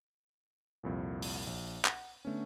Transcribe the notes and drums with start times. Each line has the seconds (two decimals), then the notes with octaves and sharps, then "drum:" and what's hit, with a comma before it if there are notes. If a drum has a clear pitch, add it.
0.83 C2 F2 A#2
1.22 drum: open hi-hat
1.47 A#1
1.85 F#5, drum: clap
2.25 D3 A3 B3 C#4